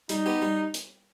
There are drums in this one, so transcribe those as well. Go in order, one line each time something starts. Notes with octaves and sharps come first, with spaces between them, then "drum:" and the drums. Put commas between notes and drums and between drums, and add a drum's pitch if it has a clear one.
G3 D#4, drum: hi-hat
B3 G4
G3
drum: hi-hat